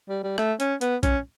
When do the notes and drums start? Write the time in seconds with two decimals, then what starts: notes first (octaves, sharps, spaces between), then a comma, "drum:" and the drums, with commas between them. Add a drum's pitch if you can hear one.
0.09 G3
0.23 G3
0.38 A3, drum: rim click
0.60 C#4, drum: hi-hat
0.81 B3, drum: hi-hat
1.03 C#4, drum: kick, hi-hat